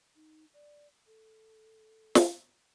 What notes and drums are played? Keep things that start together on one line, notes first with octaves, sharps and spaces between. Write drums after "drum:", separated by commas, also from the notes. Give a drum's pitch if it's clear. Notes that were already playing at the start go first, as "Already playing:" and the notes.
D#4
D5
A4
drum: snare